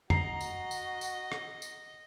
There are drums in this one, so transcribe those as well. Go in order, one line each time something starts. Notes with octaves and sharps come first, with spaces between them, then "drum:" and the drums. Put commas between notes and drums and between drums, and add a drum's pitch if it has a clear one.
F#4 D#5 A#5 C7, drum: tom
drum: tambourine
drum: tambourine
drum: tambourine
drum: rim click
drum: tambourine